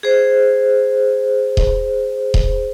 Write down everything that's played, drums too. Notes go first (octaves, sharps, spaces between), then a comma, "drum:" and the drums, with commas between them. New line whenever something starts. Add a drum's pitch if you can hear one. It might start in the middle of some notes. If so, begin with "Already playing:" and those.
G#4 C5
drum: kick D#1
drum: kick D#1